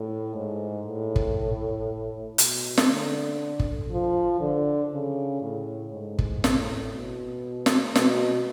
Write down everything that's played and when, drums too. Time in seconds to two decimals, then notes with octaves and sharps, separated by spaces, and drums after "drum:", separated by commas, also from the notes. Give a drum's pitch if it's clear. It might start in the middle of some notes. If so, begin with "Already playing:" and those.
Already playing: A2
0.35 G#2
0.87 A2
1.16 drum: kick
2.38 B2, drum: hi-hat
2.78 drum: snare
2.89 D3
3.59 drum: kick
3.91 F3
4.41 D3
4.92 C#3
5.42 A2
5.92 G#2
6.19 drum: kick
6.44 A2, drum: snare
6.94 B2
7.66 drum: snare
7.95 B2, drum: snare